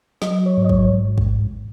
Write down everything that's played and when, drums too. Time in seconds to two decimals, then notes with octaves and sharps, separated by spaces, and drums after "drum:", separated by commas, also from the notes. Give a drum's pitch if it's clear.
0.22 F#3 D#5, drum: snare
0.46 C#5
0.57 G#2
0.64 D#5
0.69 C#5, drum: kick
1.18 drum: kick